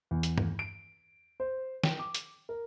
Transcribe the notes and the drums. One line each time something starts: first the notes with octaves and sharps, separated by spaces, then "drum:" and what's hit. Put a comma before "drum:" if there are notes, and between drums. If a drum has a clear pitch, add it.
E2
drum: hi-hat
drum: tom G2
D7
C5
G5, drum: snare
D6
drum: hi-hat
A#4